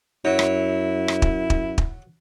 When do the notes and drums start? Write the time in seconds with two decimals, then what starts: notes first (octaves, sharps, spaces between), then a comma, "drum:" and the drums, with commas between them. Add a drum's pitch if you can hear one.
0.25 F#2 F#3 E4
0.39 drum: rim click
1.08 drum: rim click
1.22 drum: kick
1.50 drum: kick
1.78 drum: kick